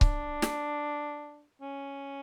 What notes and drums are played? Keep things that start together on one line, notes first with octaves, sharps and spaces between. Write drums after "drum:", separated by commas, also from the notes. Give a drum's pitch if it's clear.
D4, drum: kick C#1
drum: snare
C#4